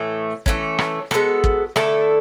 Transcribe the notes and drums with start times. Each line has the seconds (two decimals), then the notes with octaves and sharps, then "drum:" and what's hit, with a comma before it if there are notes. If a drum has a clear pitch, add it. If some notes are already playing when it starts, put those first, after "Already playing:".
Already playing: A2 E3 A3
0.46 E3 A3 C#4, drum: kick
0.79 drum: rim click
1.11 G#3 B3 F#4 A4, drum: rim click
1.44 drum: kick
1.76 D3 A3 E4 A4, drum: rim click